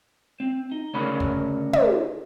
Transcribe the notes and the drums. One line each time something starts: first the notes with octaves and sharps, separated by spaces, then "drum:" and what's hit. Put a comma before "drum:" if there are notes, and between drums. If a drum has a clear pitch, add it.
C4
D#4
D2 C#3 D4 A#4 C#5 B5
drum: kick
drum: tom